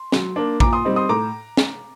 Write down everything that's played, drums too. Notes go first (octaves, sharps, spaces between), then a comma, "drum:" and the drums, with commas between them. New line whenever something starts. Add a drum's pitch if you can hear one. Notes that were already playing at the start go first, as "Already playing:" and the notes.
Already playing: C6
F#3, drum: snare
A#3 D4
A#2 A#5 D6, drum: kick
C6 D#6
G3 C4 D#4
C6 D#6
A2 A#5 D6
drum: snare